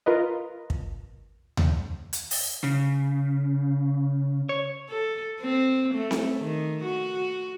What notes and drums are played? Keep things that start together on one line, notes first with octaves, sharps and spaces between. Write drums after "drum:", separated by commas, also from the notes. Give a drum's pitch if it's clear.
F4 A#4 B4 D#5
drum: kick
drum: tom D#2
drum: hi-hat
drum: open hi-hat
C#3
C#5
A4
C4
A3
drum: snare C4
D#3
F#4